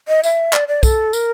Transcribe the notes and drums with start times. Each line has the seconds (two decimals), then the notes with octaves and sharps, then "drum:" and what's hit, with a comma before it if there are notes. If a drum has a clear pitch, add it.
0.08 D#5
0.23 E5, drum: tambourine
0.53 D5, drum: clap
0.68 D5
0.83 A4, drum: kick, tambourine
1.13 A#4, drum: tambourine